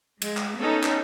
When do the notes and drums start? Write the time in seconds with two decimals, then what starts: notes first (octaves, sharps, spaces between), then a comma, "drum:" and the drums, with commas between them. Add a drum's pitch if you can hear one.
0.22 G#3, drum: cymbal
0.37 drum: clap
0.59 B3 C#4 D#4 A4 C#5
0.83 drum: clap